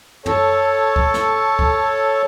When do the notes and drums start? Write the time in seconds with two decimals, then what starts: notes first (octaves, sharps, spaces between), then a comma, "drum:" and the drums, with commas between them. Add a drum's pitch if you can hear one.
0.26 A4 C#5, drum: tom
0.96 drum: kick C#2
1.14 drum: snare
1.59 drum: kick C#2